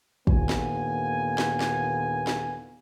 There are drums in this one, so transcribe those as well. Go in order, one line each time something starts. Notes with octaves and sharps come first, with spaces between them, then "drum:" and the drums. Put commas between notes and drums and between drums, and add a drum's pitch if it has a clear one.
D#2 A#2 D3 B3 F4 G#5, drum: kick
drum: snare
drum: snare
drum: snare
drum: snare